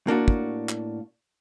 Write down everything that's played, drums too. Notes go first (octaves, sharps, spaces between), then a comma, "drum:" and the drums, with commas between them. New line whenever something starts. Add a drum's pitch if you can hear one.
A2 A#3 D4 F#4
drum: kick
drum: clap